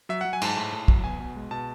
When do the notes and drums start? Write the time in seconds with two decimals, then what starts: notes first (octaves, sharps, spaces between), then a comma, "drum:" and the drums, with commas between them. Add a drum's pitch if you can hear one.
0.09 F#3 E5
0.21 F#3 F#5
0.33 G#5
0.42 G#2 A5, drum: cymbal
0.57 A2
0.72 A2
0.88 F#3, drum: kick
1.04 B2 G#5
1.20 B2
1.36 G#3
1.51 B2 A5